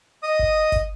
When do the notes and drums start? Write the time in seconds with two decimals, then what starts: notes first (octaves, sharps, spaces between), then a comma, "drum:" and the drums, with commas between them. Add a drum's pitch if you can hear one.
0.23 D#5 D#6
0.39 drum: kick F#1
0.72 drum: kick F#1, hi-hat